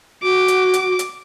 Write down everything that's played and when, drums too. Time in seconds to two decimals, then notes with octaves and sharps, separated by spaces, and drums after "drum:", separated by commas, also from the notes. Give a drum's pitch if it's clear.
0.23 F#4 D6
0.48 drum: hi-hat
0.74 drum: hi-hat
0.99 drum: hi-hat